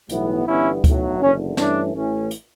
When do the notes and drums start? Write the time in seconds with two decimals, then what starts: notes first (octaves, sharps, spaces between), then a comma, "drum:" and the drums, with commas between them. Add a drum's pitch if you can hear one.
0.09 B1 A2 E3 G3 B3, drum: hi-hat
0.46 G1 G2 E3 G3 B3 C#4 E4
0.84 B1 A2 F#3, drum: kick D2, hi-hat
1.20 F#1 E2 D3 C#4
1.57 G2 E3 A3 C#4 D4, drum: snare
1.94 A1 A2 E3 A3 C#4
2.31 drum: hi-hat